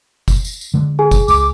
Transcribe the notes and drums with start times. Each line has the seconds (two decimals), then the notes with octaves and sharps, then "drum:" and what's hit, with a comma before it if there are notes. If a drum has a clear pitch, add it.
0.28 drum: kick, tambourine
0.44 drum: tambourine
0.61 drum: tambourine
0.74 D3 G#3
0.99 G#4 G#5
1.11 drum: kick, tambourine
1.28 C#2 D6, drum: tambourine